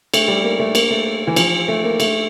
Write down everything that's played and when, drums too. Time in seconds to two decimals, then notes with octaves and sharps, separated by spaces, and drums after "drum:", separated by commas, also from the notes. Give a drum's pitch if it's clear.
0.14 A3, drum: cymbal
0.28 G3
0.44 A#3
0.59 A3
0.75 A#3, drum: cymbal
0.91 A3
1.27 E3
1.36 F3, drum: cymbal
1.68 A3
1.84 A#3
2.00 A3, drum: cymbal